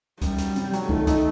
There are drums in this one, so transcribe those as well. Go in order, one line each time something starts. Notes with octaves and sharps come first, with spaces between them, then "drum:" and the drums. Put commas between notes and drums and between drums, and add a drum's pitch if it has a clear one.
F#2 G3, drum: kick, hi-hat
F#3, drum: hi-hat
C3, drum: hi-hat
F#3, drum: hi-hat
D#3 A3, drum: kick
D#4, drum: kick, hi-hat